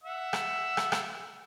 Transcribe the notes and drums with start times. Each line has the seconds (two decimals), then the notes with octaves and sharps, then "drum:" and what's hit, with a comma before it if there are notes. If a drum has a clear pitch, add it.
0.03 E5 F#5 E6
0.33 drum: rim click
0.77 drum: rim click
0.92 drum: rim click